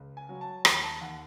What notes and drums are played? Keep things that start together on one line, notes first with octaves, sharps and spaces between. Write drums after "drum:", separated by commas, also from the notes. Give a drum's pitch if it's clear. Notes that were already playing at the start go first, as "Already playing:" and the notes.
Already playing: C#2
G#5
F#3
A5
D#2 B5, drum: rim click
A5
D#2 F#5